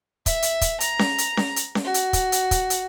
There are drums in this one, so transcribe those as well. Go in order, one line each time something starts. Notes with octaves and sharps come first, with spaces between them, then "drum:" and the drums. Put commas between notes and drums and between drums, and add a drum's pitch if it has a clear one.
E5, drum: kick, hi-hat
drum: hi-hat
drum: kick, hi-hat
A#5, drum: hi-hat
drum: snare C#4
drum: hi-hat
drum: snare C#4
drum: hi-hat
drum: snare C#4
F#4
drum: hi-hat
drum: kick, hi-hat
drum: hi-hat
drum: kick, hi-hat
drum: hi-hat